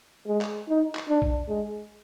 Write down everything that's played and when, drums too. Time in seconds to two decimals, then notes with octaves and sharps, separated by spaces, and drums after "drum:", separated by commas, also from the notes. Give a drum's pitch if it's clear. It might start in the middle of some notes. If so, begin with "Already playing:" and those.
0.27 G#3
0.41 drum: clap
0.68 D#4
0.95 drum: clap
1.09 D4
1.22 drum: kick
1.49 G#3